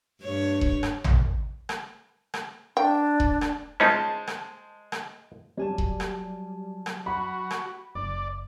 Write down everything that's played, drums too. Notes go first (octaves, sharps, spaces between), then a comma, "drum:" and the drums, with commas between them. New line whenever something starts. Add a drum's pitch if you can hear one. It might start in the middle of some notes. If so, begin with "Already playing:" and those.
G2 C#5
drum: kick E1
drum: rim click
drum: tom
drum: rim click
drum: rim click
D4 G5
drum: kick E1
drum: rim click
G#3 C#4 D#4 F4 C5 A5
drum: rim click
drum: rim click
F#3 G3 G#5 A5
drum: kick E1
drum: rim click
drum: rim click
F#4 B5
drum: rim click
F#1 D5